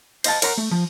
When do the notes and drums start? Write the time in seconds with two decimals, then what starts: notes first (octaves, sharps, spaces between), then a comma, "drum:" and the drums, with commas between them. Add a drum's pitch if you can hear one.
0.24 C5 D#5 F5 A5, drum: cymbal
0.42 A#4 C#5 F#5 A#5, drum: cymbal
0.58 A3
0.71 F3